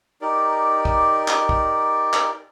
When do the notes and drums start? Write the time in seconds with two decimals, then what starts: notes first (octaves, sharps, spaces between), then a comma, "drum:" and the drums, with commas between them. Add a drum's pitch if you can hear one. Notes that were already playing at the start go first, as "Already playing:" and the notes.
0.21 D#4 G4 A#4 D5
0.85 drum: kick
1.28 drum: clap
1.49 drum: kick
2.13 drum: clap